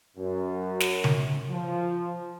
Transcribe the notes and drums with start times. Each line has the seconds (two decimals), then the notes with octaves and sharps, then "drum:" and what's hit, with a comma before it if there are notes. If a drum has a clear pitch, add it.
0.17 F#2
0.80 drum: snare
1.04 drum: tom C#3
1.50 F3